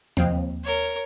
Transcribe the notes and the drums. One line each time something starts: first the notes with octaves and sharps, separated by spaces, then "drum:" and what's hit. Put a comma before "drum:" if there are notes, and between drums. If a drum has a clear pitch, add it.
D#2 F3 C4, drum: tom E2
A#4 C#5